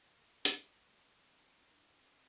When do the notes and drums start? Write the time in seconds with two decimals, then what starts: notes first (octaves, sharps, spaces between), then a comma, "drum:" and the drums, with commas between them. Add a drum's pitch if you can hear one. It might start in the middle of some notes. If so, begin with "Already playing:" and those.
Already playing: F#3
0.45 F#3, drum: hi-hat
0.82 A3 B3
1.01 B3 C#4
1.18 C4 D4
1.56 C#4 D#4
1.67 D4 E4
1.93 C4 D4